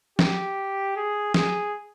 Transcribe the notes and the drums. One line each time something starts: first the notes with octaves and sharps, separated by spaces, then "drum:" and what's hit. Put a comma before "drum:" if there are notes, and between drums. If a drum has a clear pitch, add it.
G4, drum: snare
G#4
G#4, drum: snare